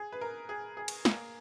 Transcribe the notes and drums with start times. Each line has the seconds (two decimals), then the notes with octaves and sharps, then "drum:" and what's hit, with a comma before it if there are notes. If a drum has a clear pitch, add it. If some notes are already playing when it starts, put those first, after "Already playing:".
Already playing: G#4
0.12 B4
0.21 A#4
0.49 G#4
0.77 G#4
0.88 drum: cymbal
1.05 A#3, drum: snare